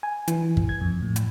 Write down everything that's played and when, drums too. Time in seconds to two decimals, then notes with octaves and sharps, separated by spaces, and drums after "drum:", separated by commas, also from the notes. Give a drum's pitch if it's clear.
0.03 G#5
0.28 E3, drum: hi-hat
0.57 drum: kick
0.69 G#6
0.81 F2
1.02 A2
1.16 drum: hi-hat